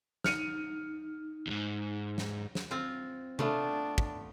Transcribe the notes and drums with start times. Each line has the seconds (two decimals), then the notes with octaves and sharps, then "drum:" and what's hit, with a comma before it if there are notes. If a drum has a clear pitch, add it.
0.24 D#4 F6 C#7 D#7, drum: snare
1.47 E2 G#2
2.18 drum: snare
2.55 drum: snare
2.71 C4 F4
3.39 A3 B3 D4 F4, drum: tom C3
3.98 drum: kick